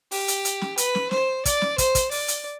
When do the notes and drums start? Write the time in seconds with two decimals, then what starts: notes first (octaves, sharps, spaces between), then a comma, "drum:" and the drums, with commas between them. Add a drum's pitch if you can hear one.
0.11 G4, drum: open hi-hat
0.28 drum: hi-hat
0.45 drum: hi-hat
0.61 drum: snare
0.78 B4, drum: hi-hat
0.95 drum: snare
1.11 C5, drum: snare
1.45 D5, drum: kick, hi-hat
1.62 drum: snare
1.78 C5, drum: kick, hi-hat
1.95 drum: kick, hi-hat
2.11 D5, drum: open hi-hat
2.28 drum: hi-hat